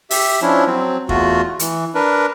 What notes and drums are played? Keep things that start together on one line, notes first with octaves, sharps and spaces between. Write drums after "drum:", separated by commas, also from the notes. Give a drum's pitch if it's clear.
G4 E5, drum: open hi-hat
F3 C#4 D4 E4
F#3 C4
E2 A3 F4 F#4, drum: kick
E3, drum: hi-hat
D4 A#4 B4